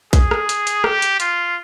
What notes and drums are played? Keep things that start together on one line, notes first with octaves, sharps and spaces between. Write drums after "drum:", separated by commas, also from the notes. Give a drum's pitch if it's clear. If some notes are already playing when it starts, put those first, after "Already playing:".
G#4, drum: kick A#1, hi-hat
drum: rim click
drum: hi-hat
drum: hi-hat
G4, drum: rim click
drum: hi-hat
F4, drum: hi-hat